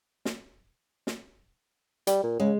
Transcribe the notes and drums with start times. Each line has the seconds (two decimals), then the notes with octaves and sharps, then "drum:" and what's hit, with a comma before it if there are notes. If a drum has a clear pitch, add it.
0.25 drum: snare
1.07 drum: snare
2.07 G3, drum: hi-hat
2.23 A#2
2.40 C#3 G#3